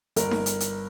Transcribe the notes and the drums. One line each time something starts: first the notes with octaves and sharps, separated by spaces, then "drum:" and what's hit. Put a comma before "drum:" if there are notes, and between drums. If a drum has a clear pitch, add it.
G1 A#4, drum: hi-hat
drum: snare D#4
drum: hi-hat
drum: hi-hat